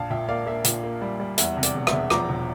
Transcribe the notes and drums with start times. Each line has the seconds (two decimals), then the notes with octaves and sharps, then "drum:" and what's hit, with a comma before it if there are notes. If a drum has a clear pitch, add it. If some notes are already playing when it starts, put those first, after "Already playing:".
Already playing: A#1 F5 A5
0.10 A#2 E5 G5
0.28 A#3 D5 F5
0.46 A#3 E5
0.64 A#2, drum: hi-hat
0.83 A#3
1.01 G3
1.20 G3
1.38 E2 E5, drum: hi-hat
1.57 C3
1.63 D5, drum: hi-hat
1.74 E1
1.87 E5, drum: rim click
1.92 E1
2.10 F3 A#5 D6, drum: rim click
2.29 E1